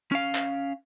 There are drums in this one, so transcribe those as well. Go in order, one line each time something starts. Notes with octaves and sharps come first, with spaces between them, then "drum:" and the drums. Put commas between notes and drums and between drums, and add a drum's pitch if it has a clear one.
C#4 F5
drum: clap